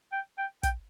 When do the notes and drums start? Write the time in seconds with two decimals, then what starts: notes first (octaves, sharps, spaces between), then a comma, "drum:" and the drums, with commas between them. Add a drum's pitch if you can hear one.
0.12 G5
0.38 G5
0.63 G5, drum: kick, hi-hat